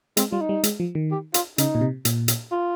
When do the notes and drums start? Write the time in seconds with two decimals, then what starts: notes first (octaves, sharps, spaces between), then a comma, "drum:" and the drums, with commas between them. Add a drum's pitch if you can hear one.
0.17 G#3 C4, drum: hi-hat
0.32 G3 F4
0.41 D#4
0.49 G3
0.64 G#3, drum: hi-hat
0.80 F3
0.95 D#3
1.11 G4
1.34 F4, drum: hi-hat
1.58 C#3 D#4, drum: hi-hat
1.75 A#2
1.81 C3
2.05 A#2, drum: hi-hat
2.28 drum: hi-hat
2.52 F4